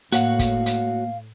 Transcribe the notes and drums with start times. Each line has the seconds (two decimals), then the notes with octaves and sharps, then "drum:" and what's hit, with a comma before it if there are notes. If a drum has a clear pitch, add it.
0.13 A2 A#3 F#4 C#5 F5 F#5, drum: hi-hat
0.39 drum: kick, hi-hat
0.66 drum: hi-hat